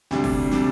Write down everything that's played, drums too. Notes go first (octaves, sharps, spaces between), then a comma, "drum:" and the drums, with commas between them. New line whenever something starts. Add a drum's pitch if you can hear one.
D2 C3 G3 D4, drum: snare
drum: kick F#1, open hi-hat
C3 G3 D4, drum: snare